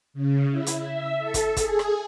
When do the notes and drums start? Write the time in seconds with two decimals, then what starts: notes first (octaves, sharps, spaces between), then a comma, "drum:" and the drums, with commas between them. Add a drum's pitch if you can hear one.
0.14 C#3
0.51 E4
0.66 drum: hi-hat
0.80 E5
1.18 A4
1.34 drum: kick, hi-hat
1.57 G#4, drum: kick, hi-hat
1.79 drum: rim click